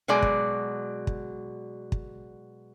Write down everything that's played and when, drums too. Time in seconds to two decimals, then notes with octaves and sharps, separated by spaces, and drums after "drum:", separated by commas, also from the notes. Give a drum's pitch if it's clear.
0.08 B2 F#3 G#3 D5
0.22 drum: kick
1.07 drum: kick
1.92 drum: kick